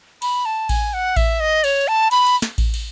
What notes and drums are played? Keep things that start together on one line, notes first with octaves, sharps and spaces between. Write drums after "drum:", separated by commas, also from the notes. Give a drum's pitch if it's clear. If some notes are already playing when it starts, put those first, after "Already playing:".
B5, drum: cymbal
A5
G#5, drum: kick A1, cymbal
F#5
E5, drum: kick A1, cymbal
D#5
C#5, drum: cymbal
A5
B5, drum: cymbal
drum: cymbal
drum: snare
drum: kick A1, cymbal
drum: cymbal